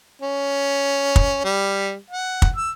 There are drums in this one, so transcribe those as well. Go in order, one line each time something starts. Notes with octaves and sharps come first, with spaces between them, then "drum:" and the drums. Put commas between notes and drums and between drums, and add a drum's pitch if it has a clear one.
C#4
drum: kick
G3
F#5
drum: kick
E6